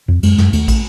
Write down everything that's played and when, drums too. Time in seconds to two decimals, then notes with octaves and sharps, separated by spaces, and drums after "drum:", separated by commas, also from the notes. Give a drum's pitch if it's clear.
0.08 F2
0.23 F#2 G#3, drum: cymbal
0.38 F#2, drum: snare
0.53 D#2 A3, drum: cymbal
0.68 drum: kick, cymbal